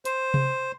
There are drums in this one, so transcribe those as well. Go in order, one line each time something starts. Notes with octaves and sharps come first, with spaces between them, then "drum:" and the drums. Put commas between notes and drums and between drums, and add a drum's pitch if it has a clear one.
C5, drum: hi-hat
drum: tom C3